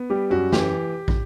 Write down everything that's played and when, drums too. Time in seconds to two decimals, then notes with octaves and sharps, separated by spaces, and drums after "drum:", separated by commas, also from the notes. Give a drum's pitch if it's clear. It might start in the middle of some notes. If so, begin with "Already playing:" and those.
Already playing: B3
0.10 G3 G4
0.30 F#2 F#4
0.52 E3 G4, drum: snare
1.08 drum: kick